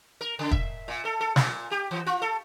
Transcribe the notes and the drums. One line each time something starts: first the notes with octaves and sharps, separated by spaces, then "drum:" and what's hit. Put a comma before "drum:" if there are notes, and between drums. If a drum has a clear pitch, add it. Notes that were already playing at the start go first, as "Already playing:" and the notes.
A#4
C#3
E5, drum: kick
A#2
A4
A4
A#2, drum: snare
G4
E3
F4
A4